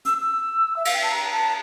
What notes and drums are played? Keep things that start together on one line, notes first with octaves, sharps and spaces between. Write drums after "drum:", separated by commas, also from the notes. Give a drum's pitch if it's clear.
E6, drum: hi-hat
E6
E5
F5, drum: cymbal
G5
A5
A#5
A5